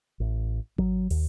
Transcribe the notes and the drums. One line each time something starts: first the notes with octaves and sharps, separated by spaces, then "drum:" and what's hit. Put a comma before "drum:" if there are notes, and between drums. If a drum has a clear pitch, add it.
A1
F#3, drum: kick G#1
D#2, drum: open hi-hat